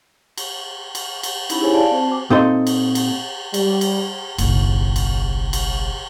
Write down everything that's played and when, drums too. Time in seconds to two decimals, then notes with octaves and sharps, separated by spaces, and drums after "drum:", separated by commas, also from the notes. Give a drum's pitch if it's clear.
0.38 drum: cymbal
0.95 drum: cymbal
1.23 drum: cymbal
1.50 C#4 D#4 E4 B5, drum: cymbal
1.61 E4 G4 G#4 C5 C#5 G#5
1.74 D5 F5 A5
1.91 C4 C5 A5
2.07 F#4 C5 G#5 D6
2.30 A#2 C4 D#4 A4 C6
2.67 drum: cymbal
2.95 drum: cymbal
3.54 G3, drum: cymbal
3.81 drum: cymbal
4.38 F#1 B1, drum: cymbal
4.96 drum: cymbal
5.53 drum: cymbal